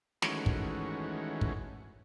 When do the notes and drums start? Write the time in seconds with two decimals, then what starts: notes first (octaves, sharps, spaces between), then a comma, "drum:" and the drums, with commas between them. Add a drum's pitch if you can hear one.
0.22 D#3 E3 G#3 A3 C#4 F#4, drum: snare
0.46 drum: kick
1.41 drum: kick